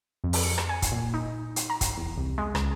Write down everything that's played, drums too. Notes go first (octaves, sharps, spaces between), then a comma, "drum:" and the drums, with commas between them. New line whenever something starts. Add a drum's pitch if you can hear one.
F2
drum: open hi-hat
C#7
drum: rim click
G#5
drum: kick, hi-hat
A#2
D#4
drum: hi-hat
A#5
drum: kick, hi-hat
E2
C2
G#3
C#2, drum: rim click